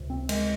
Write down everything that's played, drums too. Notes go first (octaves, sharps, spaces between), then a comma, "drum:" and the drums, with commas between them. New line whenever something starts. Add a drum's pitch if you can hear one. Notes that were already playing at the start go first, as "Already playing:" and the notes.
Already playing: C#2 C3
C4
G#3, drum: cymbal